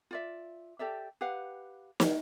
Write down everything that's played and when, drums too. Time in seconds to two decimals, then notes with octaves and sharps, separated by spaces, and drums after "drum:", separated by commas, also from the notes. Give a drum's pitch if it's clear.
0.11 F4 D5 E5
0.79 G4 A4 D5 E5
1.21 G4 B4 F5 F#5
2.00 drum: snare